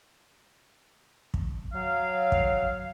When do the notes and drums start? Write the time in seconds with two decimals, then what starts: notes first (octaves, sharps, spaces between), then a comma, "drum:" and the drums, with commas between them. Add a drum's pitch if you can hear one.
1.34 drum: kick
1.73 F#3 F5
2.32 drum: kick